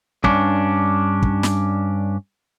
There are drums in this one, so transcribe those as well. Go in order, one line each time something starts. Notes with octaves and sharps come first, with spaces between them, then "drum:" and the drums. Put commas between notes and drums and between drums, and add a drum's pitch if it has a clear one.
G2 C#4 D4, drum: kick
drum: kick
drum: snare